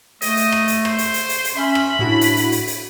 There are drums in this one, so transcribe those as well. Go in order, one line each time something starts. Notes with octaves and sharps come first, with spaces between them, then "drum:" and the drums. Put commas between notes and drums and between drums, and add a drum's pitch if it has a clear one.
A3 D#5, drum: hi-hat
drum: hi-hat
drum: rim click
drum: hi-hat
C5, drum: rim click
drum: hi-hat
drum: hi-hat
drum: hi-hat
drum: hi-hat
C#4 E5 B5 C6
drum: rim click
A2 D4 E4 F#4
drum: hi-hat
drum: hi-hat
drum: hi-hat
drum: hi-hat